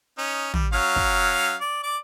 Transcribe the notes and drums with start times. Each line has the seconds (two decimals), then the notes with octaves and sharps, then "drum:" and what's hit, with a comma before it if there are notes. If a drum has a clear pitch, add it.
0.18 C#4 D#4
0.54 G3, drum: tom
0.73 F#3 C#4 F5
0.96 drum: kick
1.61 D5
1.83 D5 D6